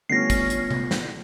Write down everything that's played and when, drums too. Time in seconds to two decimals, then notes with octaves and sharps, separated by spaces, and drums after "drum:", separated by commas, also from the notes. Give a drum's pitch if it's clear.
0.09 D3 G3 A3 B3 C#4 F4 A#6 C7
0.30 drum: kick, hi-hat
0.50 drum: hi-hat
0.71 drum: tom C3
0.91 drum: snare